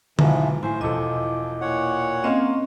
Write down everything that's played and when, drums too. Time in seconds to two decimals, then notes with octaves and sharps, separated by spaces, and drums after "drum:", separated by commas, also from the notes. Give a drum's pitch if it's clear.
0.19 B1 G#2 E3 F3, drum: tom D3
0.63 A2 C5 G#5
0.81 E1 E2 F3 E4 A4 D#5 D6
1.61 A#2 C#5 F#5
2.24 A#3 C4 C#4 D#5 F5